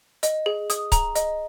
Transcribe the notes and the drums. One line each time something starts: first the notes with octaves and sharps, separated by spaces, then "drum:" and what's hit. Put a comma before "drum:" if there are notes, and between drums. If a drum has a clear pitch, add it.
D#5, drum: hi-hat
G#4
D#6, drum: hi-hat
A#5, drum: kick C#1, hi-hat
D#5, drum: hi-hat